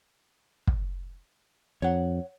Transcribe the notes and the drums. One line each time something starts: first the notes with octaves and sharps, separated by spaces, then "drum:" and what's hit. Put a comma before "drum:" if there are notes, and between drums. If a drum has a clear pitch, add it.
drum: kick
F2 C#5 F#5